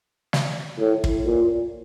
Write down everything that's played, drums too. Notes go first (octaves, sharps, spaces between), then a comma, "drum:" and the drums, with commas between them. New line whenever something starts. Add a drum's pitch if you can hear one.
drum: snare
A2
drum: kick
A#2